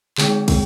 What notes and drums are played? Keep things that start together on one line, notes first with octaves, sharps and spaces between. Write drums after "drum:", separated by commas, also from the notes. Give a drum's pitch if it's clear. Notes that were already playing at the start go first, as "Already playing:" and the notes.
D3 G#3 D#4 G#4, drum: clap
D3 G#3, drum: kick, cymbal